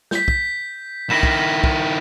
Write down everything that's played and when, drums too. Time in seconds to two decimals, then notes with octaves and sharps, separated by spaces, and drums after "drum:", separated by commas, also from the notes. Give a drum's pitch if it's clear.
0.11 G6 B6, drum: snare
0.28 drum: kick
1.10 D#3 E4 A#6 E7
1.23 drum: kick
1.64 drum: kick